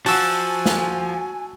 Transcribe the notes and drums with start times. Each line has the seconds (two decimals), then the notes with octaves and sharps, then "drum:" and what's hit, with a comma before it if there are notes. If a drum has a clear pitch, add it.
0.06 F3 F#4 G#5 A5 E6, drum: open hi-hat
0.66 drum: snare